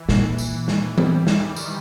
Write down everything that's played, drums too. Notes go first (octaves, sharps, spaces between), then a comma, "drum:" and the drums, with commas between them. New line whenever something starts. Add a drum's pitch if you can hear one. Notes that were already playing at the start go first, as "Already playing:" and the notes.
Already playing: E3
A#2, drum: snare
drum: tambourine
drum: snare
G3, drum: tom E3
E3, drum: snare
D#3, drum: tambourine